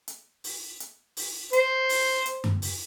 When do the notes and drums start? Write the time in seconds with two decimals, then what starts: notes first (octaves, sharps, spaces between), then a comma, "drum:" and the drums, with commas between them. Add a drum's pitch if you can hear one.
0.08 drum: hi-hat
0.44 drum: open hi-hat
0.80 drum: hi-hat
1.17 drum: open hi-hat
1.53 C5, drum: hi-hat
1.89 drum: open hi-hat
2.26 drum: hi-hat
2.44 drum: tom F#2
2.62 drum: open hi-hat